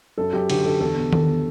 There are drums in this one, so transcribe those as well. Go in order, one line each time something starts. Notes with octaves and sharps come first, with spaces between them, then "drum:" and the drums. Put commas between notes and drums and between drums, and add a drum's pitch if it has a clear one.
F#2 A4
F#2 G4
D3 G4, drum: cymbal
D3 A4
E2 A4
B2
E2 A4, drum: tom D#3